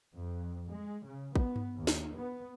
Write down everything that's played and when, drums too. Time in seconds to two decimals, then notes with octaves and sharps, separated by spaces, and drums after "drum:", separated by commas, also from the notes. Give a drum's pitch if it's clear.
0.14 F2
0.68 G#3
1.05 C#3
1.36 B3, drum: kick A1
1.56 drum: tom G2
1.77 D#2
1.87 drum: snare
2.16 B3